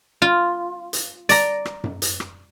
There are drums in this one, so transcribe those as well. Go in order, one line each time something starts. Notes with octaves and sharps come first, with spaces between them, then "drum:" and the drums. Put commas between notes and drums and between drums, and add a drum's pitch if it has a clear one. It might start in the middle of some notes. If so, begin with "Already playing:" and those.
F4
drum: hi-hat
D5 A#5, drum: hi-hat
drum: rim click
drum: tom F#2
drum: hi-hat
drum: rim click